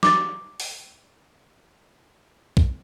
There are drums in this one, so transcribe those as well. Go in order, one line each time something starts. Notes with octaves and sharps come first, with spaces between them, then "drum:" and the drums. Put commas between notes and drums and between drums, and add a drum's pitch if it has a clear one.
D6 A6, drum: snare
drum: open hi-hat
drum: kick B1